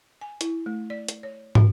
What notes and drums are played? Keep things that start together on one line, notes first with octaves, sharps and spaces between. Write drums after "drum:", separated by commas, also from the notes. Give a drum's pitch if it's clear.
G#5
E4, drum: hi-hat
A3
D5
drum: hi-hat
C#5
F#4, drum: tom